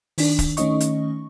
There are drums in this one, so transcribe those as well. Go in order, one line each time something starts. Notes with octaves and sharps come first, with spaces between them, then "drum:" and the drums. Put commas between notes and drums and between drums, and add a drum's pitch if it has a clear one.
D#3 D4, drum: open hi-hat
drum: kick, hi-hat
D#3 A3 C#4 D#4 D#5 C#6, drum: hi-hat
drum: hi-hat